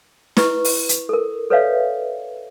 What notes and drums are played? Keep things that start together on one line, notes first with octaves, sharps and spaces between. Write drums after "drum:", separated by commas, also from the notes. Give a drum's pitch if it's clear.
E4 B4 C#6, drum: snare
drum: open hi-hat
drum: hi-hat
A4 A#4
A4 B4 C#5 D5 E5 F5